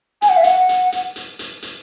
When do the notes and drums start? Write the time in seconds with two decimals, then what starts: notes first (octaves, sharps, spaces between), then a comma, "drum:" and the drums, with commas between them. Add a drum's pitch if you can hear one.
0.22 G#5, drum: hi-hat
0.29 F#5
0.37 E5
0.44 F#5, drum: hi-hat
0.69 drum: hi-hat
0.92 drum: hi-hat
1.16 drum: hi-hat
1.39 drum: hi-hat
1.63 drum: hi-hat